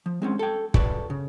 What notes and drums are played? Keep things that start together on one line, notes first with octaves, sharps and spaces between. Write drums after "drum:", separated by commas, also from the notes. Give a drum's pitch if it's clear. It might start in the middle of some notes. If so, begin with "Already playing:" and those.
F3
G#3 C4 C#4
A4 G5
F#4 G#4 A4 B4 D5, drum: kick
C#3